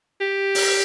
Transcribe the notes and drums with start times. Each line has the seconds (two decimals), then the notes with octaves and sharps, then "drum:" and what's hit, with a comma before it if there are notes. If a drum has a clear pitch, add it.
0.20 G4
0.55 drum: open hi-hat